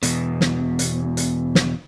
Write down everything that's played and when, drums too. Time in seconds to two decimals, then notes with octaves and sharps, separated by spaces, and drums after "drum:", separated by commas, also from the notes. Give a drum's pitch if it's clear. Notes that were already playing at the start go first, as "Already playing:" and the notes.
0.03 E2 B2, drum: hi-hat
0.41 drum: snare
0.79 drum: hi-hat
1.17 drum: hi-hat
1.55 drum: snare